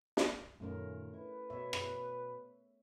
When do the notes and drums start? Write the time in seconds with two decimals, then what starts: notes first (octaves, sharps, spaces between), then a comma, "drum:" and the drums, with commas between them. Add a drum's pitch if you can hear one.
0.17 drum: snare
0.60 F#2 A#2 D#3 A3 C#4 A#4
1.13 E4 B4
1.50 B2 C#5 E5
1.73 drum: rim click